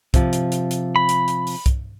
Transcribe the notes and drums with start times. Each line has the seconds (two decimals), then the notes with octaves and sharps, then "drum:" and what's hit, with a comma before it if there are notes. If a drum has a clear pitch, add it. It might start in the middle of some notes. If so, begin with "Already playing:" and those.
0.14 C3 F3, drum: kick, hi-hat
0.33 drum: hi-hat
0.52 drum: hi-hat
0.71 drum: hi-hat
0.96 B5
1.09 drum: hi-hat
1.28 drum: hi-hat
1.47 drum: open hi-hat
1.66 drum: kick, hi-hat